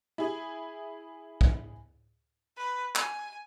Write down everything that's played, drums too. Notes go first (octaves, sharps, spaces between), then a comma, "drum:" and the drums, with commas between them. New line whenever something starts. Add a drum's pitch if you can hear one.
E4 G#4
drum: kick
B4
G#5, drum: clap